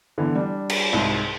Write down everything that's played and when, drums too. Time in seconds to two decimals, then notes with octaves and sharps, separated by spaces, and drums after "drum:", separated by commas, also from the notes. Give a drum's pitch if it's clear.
0.18 D3 E3 B3
0.35 G3 D4
0.70 drum: cymbal
0.93 C2 G#2